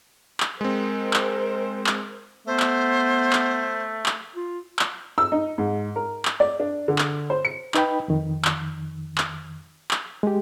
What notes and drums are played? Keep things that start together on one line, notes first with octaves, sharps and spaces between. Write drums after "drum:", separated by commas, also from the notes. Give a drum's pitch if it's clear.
drum: clap
G#3 C4 A#4 C5
drum: clap
drum: clap
A3 B3 C5
drum: clap
drum: clap
drum: clap
F4
drum: clap
E6
D#4
G#2
A#4
drum: clap
D5
D4
D3
drum: clap
C5
C#7
D#4 B4 D#5 G5 B5, drum: clap
F2 D#3
drum: clap
drum: clap
drum: clap
G#3 G4